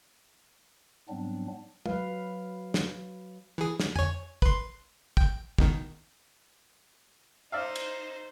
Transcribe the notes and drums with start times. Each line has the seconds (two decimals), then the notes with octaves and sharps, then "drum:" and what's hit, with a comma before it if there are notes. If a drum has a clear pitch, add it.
1.09 G#2 F#3 G3 B3 C4 D4
1.86 F#3 B4 F5, drum: tom
2.74 drum: snare
3.58 E3 G#4
3.80 drum: snare
3.96 C#5 G#5, drum: tom F2
4.42 B4 C6, drum: kick
5.17 G5, drum: kick
5.58 C#2 B2 D#3, drum: kick
7.52 D#4 C5 D5 E5 F5
7.76 drum: cymbal